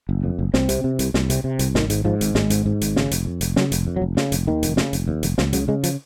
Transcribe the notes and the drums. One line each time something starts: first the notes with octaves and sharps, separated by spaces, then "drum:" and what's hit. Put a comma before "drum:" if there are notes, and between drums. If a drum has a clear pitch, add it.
F#1
F2
F#1
C2 C4, drum: snare
C3, drum: hi-hat
C3
C2, drum: hi-hat
C2, drum: snare
C3, drum: hi-hat
C3
C2, drum: hi-hat
G#1 D#3, drum: snare
G#2, drum: hi-hat
G#2 F3
G#1, drum: hi-hat
G#1 G#3, drum: snare
G#2, drum: hi-hat
G#2
G#1, drum: hi-hat
C#3, drum: snare
F1, drum: hi-hat
F2
F1, drum: hi-hat
C#3 F#3, drum: snare
F1, drum: hi-hat
F2
F#3
F1
C#3, drum: snare
F1, drum: hi-hat
D#2 D#3
F1, drum: hi-hat
C#3, drum: snare
F1, drum: hi-hat
D#2
F1, drum: hi-hat
C#2 F3, drum: snare
C#3 F#3, drum: hi-hat
C#3 G#3
F3, drum: hi-hat